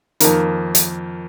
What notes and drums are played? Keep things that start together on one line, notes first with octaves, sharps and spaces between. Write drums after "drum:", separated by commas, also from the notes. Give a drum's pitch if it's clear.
F2 D#3 A#3, drum: hi-hat
drum: hi-hat